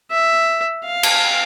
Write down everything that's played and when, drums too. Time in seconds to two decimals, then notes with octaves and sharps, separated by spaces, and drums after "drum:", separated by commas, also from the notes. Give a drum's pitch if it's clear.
0.11 E5
0.85 F5
1.03 drum: cymbal